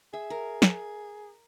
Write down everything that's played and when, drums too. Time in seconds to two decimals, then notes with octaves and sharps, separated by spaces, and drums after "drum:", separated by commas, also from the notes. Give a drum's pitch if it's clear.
0.13 G#4 E5
0.30 A#4
0.62 drum: snare